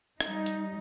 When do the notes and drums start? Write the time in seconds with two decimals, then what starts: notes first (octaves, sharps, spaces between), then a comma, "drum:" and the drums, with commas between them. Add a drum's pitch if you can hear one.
0.21 G3 D#4, drum: rim click
0.46 drum: hi-hat